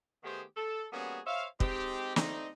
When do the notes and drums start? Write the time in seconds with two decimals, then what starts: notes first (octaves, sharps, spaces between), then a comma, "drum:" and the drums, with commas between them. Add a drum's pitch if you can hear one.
0.24 D#3 A3 B3 G4 G#4 C5
0.57 A4
0.92 G3 A#3 B3 C#4 F#4 G#4
1.26 C5 C#5 E5 F5
1.60 G#3 C4 D#4 G4, drum: kick
2.16 A3 C4 D4 D#4, drum: snare